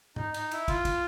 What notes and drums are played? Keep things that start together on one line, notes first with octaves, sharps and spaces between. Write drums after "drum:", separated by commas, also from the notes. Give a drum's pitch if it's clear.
D#4, drum: tom G#2
D#4, drum: cymbal
E4, drum: cymbal
F4, drum: kick, cymbal
drum: kick, cymbal